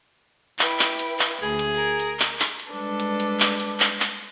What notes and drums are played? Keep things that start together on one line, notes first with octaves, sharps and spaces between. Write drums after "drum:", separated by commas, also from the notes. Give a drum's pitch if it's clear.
E4 B4 G5, drum: clap
drum: clap
drum: hi-hat
drum: clap
D2 G#4
drum: hi-hat
A#4
drum: hi-hat
drum: clap
drum: clap
drum: hi-hat
G3 G#3 D4 A4 B4
drum: hi-hat
drum: hi-hat
drum: clap
drum: hi-hat
drum: clap
drum: clap